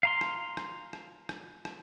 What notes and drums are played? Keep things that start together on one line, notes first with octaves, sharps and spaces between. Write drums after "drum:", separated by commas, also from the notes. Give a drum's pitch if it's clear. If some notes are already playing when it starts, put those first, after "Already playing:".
F5 A#5 C6
drum: rim click
drum: rim click
drum: rim click
drum: rim click
drum: rim click